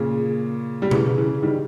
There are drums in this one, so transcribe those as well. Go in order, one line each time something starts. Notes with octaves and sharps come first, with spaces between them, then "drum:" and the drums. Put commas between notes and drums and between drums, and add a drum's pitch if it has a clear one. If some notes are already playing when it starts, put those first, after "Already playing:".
Already playing: A#2 C#3
G3
C#3 E3, drum: tom B2
C#3 E3
D#3 G3